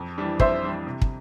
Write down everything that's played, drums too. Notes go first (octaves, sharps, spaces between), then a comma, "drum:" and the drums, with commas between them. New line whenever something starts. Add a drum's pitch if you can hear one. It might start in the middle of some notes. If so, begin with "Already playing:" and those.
Already playing: F2
E3 G3 D4
F2 C5 E5, drum: kick
E3 G3 D4
C3
drum: kick